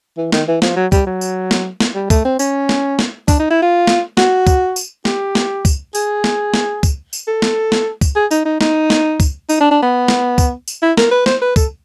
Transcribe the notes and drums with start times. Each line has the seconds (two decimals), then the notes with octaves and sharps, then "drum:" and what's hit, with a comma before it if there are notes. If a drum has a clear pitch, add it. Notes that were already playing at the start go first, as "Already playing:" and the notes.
0.17 E3
0.32 D#3, drum: snare
0.48 E3
0.62 F3, drum: snare
0.76 F#3
0.92 G3, drum: kick, tambourine
1.07 F#3
1.21 drum: tambourine
1.51 drum: snare
1.80 drum: snare
1.95 G3
2.10 A3, drum: kick, tambourine
2.25 C4
2.39 C#4, drum: tambourine
2.69 drum: snare
2.99 drum: snare
3.28 D4, drum: kick, tambourine
3.40 D#4
3.50 E4
3.62 F4
3.87 drum: snare
4.17 F#4, drum: snare
4.47 drum: kick, tambourine
4.76 drum: tambourine
5.05 G4, drum: snare
5.35 drum: snare
5.65 drum: kick, tambourine
5.95 G#4, drum: tambourine
6.24 drum: snare
6.54 drum: snare
6.83 drum: kick, tambourine
7.13 drum: tambourine
7.27 A4
7.42 drum: snare
7.72 drum: snare
8.01 drum: kick, tambourine
8.16 G#4
8.31 D#4, drum: tambourine
8.46 D#4
8.61 D#4, drum: snare
8.90 drum: snare
9.20 drum: kick, tambourine
9.49 D#4, drum: tambourine
9.61 D4
9.71 D4
9.83 B3
10.08 drum: snare
10.38 drum: kick, tambourine
10.68 drum: tambourine
10.82 E4
10.97 A#4, drum: snare
11.11 B4
11.26 C5, drum: snare
11.42 B4
11.56 A4, drum: kick, tambourine